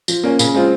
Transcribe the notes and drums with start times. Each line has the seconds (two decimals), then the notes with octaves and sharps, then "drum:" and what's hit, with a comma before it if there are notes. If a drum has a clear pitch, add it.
0.08 F3, drum: tambourine
0.24 A#3 C#4
0.39 C#3, drum: tambourine
0.54 G#3 C4 F4